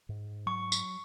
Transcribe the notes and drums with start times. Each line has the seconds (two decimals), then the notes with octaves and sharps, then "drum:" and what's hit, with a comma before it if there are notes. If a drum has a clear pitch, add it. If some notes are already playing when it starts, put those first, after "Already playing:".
0.09 G#2
0.46 F#3 C#6
0.72 drum: tambourine